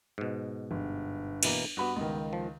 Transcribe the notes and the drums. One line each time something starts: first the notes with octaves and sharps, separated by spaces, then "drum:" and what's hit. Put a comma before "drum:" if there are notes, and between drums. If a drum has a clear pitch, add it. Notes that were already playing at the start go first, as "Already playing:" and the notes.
G#2 B2
G1
B2 E3 A#3, drum: cymbal
G2 B3 F#4 B5
C#2 D#3
F3